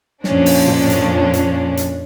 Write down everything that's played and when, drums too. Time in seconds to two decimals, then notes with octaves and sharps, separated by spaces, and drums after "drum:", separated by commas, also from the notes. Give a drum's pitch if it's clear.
0.24 F2 A#2 F3 C#4 D4, drum: snare
0.46 drum: open hi-hat
0.68 drum: tom
0.90 drum: hi-hat
1.34 drum: hi-hat
1.77 drum: hi-hat